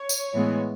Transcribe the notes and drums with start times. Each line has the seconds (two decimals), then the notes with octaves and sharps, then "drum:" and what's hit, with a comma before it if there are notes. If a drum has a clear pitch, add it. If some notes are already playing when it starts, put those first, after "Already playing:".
Already playing: C#5
0.09 drum: tambourine
0.34 A2 E3 G#3 B3